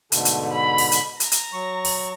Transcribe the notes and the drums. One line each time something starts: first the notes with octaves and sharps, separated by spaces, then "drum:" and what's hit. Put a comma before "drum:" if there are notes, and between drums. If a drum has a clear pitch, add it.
G#2 B2 D3 A3, drum: hi-hat
drum: hi-hat
B5
drum: open hi-hat
drum: hi-hat
A#5, drum: hi-hat
drum: hi-hat
F#3 C#6
drum: open hi-hat